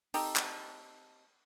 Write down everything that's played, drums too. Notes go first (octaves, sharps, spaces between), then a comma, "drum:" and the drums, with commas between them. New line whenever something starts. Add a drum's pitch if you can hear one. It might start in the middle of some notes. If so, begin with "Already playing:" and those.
C4 D#4 G4 A4, drum: open hi-hat
drum: clap